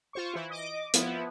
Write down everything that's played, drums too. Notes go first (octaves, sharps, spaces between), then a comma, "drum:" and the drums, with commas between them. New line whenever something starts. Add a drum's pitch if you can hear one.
F4 C5 C#6
E3 E4
D#5 D6
F3 B3 E4, drum: hi-hat